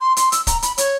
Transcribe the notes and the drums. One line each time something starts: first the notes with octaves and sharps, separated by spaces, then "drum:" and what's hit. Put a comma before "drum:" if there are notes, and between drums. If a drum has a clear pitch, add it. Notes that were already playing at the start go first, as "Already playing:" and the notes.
C6
C6, drum: hi-hat
E6, drum: hi-hat
A#5, drum: kick, hi-hat
B5, drum: hi-hat
C#5, drum: hi-hat